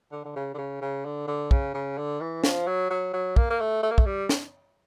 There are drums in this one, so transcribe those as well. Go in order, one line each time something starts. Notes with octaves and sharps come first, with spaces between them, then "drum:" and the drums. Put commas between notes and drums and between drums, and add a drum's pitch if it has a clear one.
D3
D3
C#3
D3
C#3
C#3
D3
D3
C#3, drum: kick
C#3
D3
E3
F3, drum: snare
F#3
F#3
F#3
A#3, drum: kick
A#3
A3
A3
A#3
A3, drum: kick
G3
drum: snare